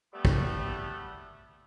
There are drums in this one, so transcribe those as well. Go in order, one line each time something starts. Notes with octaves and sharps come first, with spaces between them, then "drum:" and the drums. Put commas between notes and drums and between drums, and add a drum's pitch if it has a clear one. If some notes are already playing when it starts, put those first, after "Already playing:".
G3 A3 B3
drum: kick